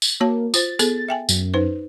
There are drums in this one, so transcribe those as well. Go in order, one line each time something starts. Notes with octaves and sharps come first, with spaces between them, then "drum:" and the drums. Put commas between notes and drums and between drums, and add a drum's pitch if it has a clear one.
drum: tambourine
A#3 F#4 C#5 A5
F4 C5 A6, drum: tambourine
B3 G#4 A4, drum: tambourine
E5 G5 G#5
F#2, drum: tambourine
D#4 B4 C5